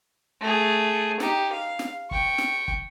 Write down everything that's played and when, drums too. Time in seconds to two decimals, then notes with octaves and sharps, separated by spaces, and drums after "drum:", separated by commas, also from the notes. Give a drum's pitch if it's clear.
0.41 A3 G#4
1.20 D#4 G4, drum: snare
1.52 F5
1.79 drum: snare
2.11 G5 C#6, drum: kick
2.38 drum: snare
2.68 drum: kick